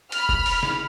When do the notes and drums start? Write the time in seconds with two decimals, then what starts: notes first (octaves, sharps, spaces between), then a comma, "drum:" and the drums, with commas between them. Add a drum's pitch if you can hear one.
0.12 B5 F6, drum: hi-hat
0.29 drum: kick F1
0.46 drum: open hi-hat
0.63 drum: snare